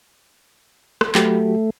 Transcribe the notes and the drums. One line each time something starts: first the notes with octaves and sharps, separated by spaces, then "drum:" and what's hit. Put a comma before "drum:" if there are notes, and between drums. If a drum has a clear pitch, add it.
drum: rim click
F#3 A3 F#4 G4, drum: clap